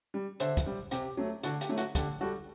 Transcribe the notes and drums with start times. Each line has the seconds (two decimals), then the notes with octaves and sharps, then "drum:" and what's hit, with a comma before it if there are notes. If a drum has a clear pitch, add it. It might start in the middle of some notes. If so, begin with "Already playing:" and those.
0.14 G3
0.40 D3 C5 E5, drum: hi-hat
0.57 drum: kick, hi-hat
0.66 G3
0.91 C3 G4, drum: hi-hat
1.17 F#3 A3
1.43 D3 F#4, drum: hi-hat
1.61 G4, drum: hi-hat
1.69 F#3 A3
1.77 F#4, drum: hi-hat
1.95 D3 G4, drum: kick, hi-hat
2.21 G3 F#4 A4